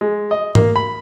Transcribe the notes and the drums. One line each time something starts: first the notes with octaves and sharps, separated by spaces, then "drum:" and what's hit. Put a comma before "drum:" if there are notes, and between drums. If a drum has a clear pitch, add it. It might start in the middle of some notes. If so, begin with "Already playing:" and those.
G#3
D#5
A#3, drum: tom G#2
B5